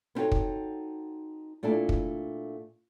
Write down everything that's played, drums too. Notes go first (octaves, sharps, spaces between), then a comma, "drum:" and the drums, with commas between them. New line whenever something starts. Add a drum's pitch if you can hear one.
B3 C4 D#4 F#4 A4 C#5
drum: kick
A#2 A3 D4 E4 A5
drum: kick